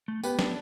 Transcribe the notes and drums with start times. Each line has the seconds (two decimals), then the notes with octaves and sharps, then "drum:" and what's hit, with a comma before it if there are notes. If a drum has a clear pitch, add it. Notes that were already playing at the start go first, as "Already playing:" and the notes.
0.08 A3
0.23 B3 G4 B4, drum: tambourine
0.39 D4, drum: snare